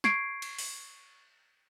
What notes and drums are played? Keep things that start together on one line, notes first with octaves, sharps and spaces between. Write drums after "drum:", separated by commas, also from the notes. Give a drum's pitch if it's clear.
C#6 G#6 C7 D7, drum: snare
drum: cymbal
drum: open hi-hat